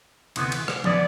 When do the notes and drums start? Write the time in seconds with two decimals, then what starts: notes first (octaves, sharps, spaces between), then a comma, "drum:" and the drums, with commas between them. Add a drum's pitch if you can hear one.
0.36 D2 C3 E3 B3, drum: cymbal
0.52 drum: cymbal
0.68 drum: rim click
0.84 C3 E3 B3 D5, drum: tom F3